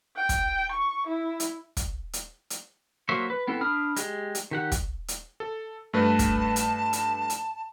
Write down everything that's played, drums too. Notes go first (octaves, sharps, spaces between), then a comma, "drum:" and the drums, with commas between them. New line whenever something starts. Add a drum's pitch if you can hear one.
G5
drum: kick, hi-hat
C#6
E4
drum: hi-hat
drum: kick, hi-hat
drum: hi-hat
drum: hi-hat
F#3 A#3 C5 E5 C#6
B4
B3 C4 E4 A4
D4 B5 D#6 F6
G#3 G4, drum: hi-hat
drum: hi-hat
D#3 G4 F#5
drum: kick, hi-hat
drum: hi-hat
A4
G2 A3 B4 A5
drum: kick, hi-hat
drum: hi-hat
drum: hi-hat
drum: hi-hat